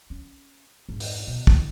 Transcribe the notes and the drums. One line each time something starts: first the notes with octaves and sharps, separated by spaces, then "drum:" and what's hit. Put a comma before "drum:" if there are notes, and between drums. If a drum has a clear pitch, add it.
C#4
F2 G#2
drum: open hi-hat
B2
D3 E4, drum: kick